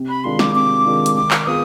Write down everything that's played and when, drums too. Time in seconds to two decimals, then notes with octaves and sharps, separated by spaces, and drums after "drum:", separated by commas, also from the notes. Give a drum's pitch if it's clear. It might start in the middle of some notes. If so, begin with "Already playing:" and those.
Already playing: C3
0.09 B5
0.24 D#3 G#3 D4 F4 C6
0.39 D6, drum: snare
0.55 C3 D6
0.86 D#3 G#3 D4 F4
1.06 drum: hi-hat
1.16 D#3 D6
1.31 drum: clap
1.46 B3 F4 G#4 B4 D#6